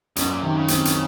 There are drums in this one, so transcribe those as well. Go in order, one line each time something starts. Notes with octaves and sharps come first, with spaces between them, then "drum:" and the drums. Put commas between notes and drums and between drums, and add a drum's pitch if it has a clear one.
F#2 B2, drum: hi-hat
A#2
C3 D#3
C#3
C4, drum: hi-hat
drum: hi-hat